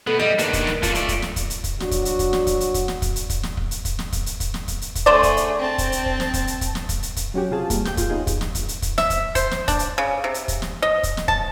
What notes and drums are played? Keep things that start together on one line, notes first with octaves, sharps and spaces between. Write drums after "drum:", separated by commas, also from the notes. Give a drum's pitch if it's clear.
B2 A3 B3
G3 D#5 E5
D#3 A#3 D4 B4, drum: hi-hat
drum: kick, hi-hat
drum: snare
A#3 F4 A4, drum: kick, hi-hat
A3 D5, drum: hi-hat
drum: kick, hi-hat
drum: snare
drum: kick, hi-hat
drum: hi-hat
drum: kick, hi-hat
F#3 D4 F#4, drum: snare
drum: kick, hi-hat
drum: hi-hat
drum: kick, hi-hat
drum: snare
drum: kick, hi-hat
drum: hi-hat
drum: kick, hi-hat
drum: snare
drum: kick, hi-hat
drum: hi-hat
drum: kick, hi-hat
drum: snare
drum: kick
drum: hi-hat
drum: kick, hi-hat
drum: snare
drum: kick, hi-hat
drum: hi-hat
drum: kick, hi-hat
drum: snare
drum: kick, hi-hat
drum: hi-hat
drum: kick, hi-hat
D3 A3 G#4 C5 D5
drum: kick, hi-hat
drum: hi-hat
C4 A5
drum: kick, hi-hat
drum: hi-hat
drum: kick
drum: snare
drum: kick, hi-hat
drum: hi-hat
drum: kick, hi-hat
drum: snare
drum: kick, hi-hat
drum: hi-hat
drum: kick, hi-hat
F#3 C#4 F#4 G4
C3 F4 G#4 A5
G3 A#3, drum: kick, hi-hat
G4 G6, drum: snare
F4 G#4, drum: kick, hi-hat
B3 C#4 D#4 F4 G#4
drum: kick, hi-hat
drum: snare
drum: kick, hi-hat
drum: hi-hat
drum: kick, hi-hat
E5, drum: snare
drum: kick, hi-hat
C5, drum: kick, hi-hat
drum: snare
D4, drum: kick, hi-hat
drum: hi-hat
C#3
C3
drum: hi-hat
drum: kick, hi-hat
drum: snare
D#5
drum: kick, hi-hat
drum: snare
A5, drum: kick